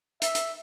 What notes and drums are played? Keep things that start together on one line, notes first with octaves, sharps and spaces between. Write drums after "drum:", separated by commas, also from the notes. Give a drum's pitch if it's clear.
E5, drum: hi-hat
drum: hi-hat